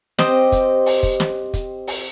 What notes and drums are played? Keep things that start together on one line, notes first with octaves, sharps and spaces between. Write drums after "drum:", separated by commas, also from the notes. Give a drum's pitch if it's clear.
C4 G4 C5 D#5, drum: snare
drum: kick, hi-hat
drum: open hi-hat
drum: kick
drum: snare
drum: kick, hi-hat
drum: open hi-hat